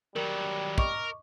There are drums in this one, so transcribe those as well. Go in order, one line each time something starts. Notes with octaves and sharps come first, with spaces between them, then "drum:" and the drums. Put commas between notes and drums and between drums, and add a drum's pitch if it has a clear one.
D#3 F#3 G3 A#4 F#7
A#4 D#5 C#6 D6, drum: kick